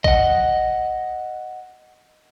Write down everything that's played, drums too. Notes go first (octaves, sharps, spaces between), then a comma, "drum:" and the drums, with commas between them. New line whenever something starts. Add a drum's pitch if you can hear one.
D#5 F#5, drum: kick A#1